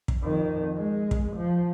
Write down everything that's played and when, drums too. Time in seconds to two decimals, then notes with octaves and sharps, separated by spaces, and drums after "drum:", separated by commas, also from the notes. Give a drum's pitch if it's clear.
0.08 drum: kick
0.23 F2 D#3
0.77 G#3
1.11 drum: kick
1.36 F3